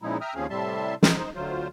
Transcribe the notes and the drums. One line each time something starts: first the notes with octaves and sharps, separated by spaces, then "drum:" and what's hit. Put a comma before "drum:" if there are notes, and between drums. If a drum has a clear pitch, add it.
A#2 C#3 F3 G#3 D#4 E4
E5 G5 A#5 D#6 F6
D#2 F3 C4 C#4 G#4 F5
A2 C3 G3 E5 A5 C6
D#4 C5, drum: snare
D2 F#3 F4 C5